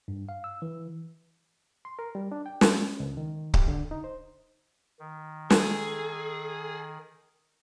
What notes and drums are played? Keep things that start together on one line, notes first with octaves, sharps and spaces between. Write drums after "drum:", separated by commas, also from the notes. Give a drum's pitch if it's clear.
G2
F5
E6
E3
C6
A#4
G3
D4
G5
C#4, drum: snare
C#2
D#3
G4, drum: kick C#1
D3
D#4
C5
D#3
G#4 A4, drum: snare